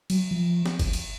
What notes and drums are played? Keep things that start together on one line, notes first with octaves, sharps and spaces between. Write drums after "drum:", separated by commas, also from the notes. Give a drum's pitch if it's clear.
F#3, drum: cymbal
F3
drum: snare
drum: kick F#1, cymbal
drum: cymbal